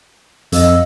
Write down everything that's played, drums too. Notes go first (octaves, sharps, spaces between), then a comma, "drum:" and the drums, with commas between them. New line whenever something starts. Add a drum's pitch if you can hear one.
F2 D#5 F5 E6, drum: hi-hat